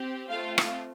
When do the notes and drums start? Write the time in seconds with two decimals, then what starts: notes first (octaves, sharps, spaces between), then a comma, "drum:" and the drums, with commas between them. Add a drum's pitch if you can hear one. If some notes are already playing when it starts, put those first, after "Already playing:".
Already playing: C4 G4
0.29 A3 C4 F4 F5
0.58 drum: rim click